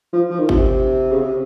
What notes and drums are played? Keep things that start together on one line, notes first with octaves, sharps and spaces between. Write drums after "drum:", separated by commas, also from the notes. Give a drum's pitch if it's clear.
F3
F3
D#3
C3, drum: kick G#1
C#3
C3